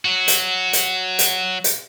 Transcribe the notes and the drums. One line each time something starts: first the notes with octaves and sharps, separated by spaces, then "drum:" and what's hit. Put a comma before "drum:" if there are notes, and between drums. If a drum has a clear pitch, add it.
F#3 F#4
drum: hi-hat
drum: hi-hat
drum: hi-hat
drum: hi-hat